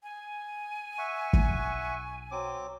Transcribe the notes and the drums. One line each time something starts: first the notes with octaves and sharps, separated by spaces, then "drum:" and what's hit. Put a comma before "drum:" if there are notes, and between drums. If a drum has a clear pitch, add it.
G#5
E5 F#5 C#6
drum: kick
B1
F#3 C4 D6